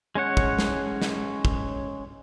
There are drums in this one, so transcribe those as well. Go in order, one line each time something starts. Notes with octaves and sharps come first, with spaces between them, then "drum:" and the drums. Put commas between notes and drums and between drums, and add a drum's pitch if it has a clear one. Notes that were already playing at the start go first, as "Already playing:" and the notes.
G#3 C#4 C#5 F#5
drum: kick
drum: snare
drum: snare
drum: kick